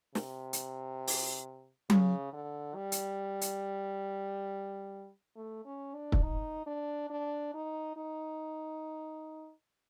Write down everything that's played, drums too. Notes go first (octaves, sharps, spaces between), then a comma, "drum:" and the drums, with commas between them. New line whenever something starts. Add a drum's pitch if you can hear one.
C3, drum: snare
drum: hi-hat
drum: open hi-hat
C#3, drum: tom F#3
D3
G3
drum: hi-hat
drum: hi-hat
A3
C#4
D4
drum: kick
D#4
D4
D4
D#4
D#4